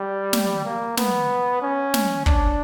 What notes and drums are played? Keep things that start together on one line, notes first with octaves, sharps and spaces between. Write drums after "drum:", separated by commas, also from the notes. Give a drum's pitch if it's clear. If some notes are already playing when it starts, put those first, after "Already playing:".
Already playing: G3
drum: snare
A#3
B3, drum: snare
C#4
drum: snare
D4, drum: kick